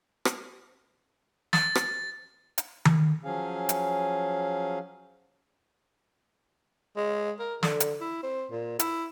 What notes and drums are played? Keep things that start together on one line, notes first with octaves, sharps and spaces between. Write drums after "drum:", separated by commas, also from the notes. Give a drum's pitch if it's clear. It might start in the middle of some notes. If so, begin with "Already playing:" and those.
drum: rim click
A6, drum: snare
drum: rim click
drum: hi-hat
drum: tom D#3
F3 F#3 C#4 G#4 F5
drum: hi-hat
G#3
A#4
D3, drum: snare
drum: hi-hat
E4
C4
A#2
E4, drum: hi-hat